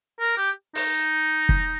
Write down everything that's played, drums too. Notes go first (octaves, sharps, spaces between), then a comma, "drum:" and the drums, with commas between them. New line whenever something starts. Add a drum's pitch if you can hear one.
A#4
G4
D#4, drum: open hi-hat
drum: kick